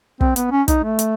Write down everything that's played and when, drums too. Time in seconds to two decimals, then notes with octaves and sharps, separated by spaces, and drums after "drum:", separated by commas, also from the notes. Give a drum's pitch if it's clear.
0.21 C4, drum: kick
0.36 B3, drum: hi-hat
0.52 C#4
0.68 D#4, drum: kick, hi-hat
0.83 A3
0.99 drum: hi-hat